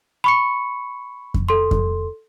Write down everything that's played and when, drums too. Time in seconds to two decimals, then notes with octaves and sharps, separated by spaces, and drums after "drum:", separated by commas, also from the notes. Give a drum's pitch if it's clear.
0.24 B5 C#6 C#7
1.34 drum: kick F2
1.49 A4 C6
1.71 drum: kick F2